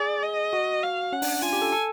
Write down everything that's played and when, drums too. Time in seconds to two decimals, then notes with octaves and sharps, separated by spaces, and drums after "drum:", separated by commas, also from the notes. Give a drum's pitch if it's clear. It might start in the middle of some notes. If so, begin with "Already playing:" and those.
Already playing: G#4 D5
0.23 D#5
0.53 F#4
0.83 F5
1.13 C#4 F#5
1.22 D4, drum: open hi-hat
1.42 F4 G#5
1.53 G4
1.62 A4
1.72 A4